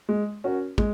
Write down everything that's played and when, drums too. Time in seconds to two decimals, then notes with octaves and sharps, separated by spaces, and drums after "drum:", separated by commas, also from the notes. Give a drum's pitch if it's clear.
0.09 G#3
0.44 C#4 F#4 A#4 C#5
0.78 G#3, drum: kick